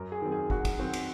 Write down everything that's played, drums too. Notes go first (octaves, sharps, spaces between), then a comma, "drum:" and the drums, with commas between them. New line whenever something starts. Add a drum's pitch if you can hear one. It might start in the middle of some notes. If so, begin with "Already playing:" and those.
Already playing: F#2 A#4
G#4
D#3 F#3 C4
G#4
F#2 F#4, drum: kick
drum: kick, cymbal
D#3 F#3 C4 F#4
drum: cymbal